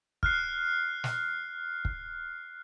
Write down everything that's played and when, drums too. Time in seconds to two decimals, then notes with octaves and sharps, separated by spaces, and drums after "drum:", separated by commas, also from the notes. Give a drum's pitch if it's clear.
0.23 F6 F#6 C7, drum: kick
1.04 drum: snare
1.85 drum: kick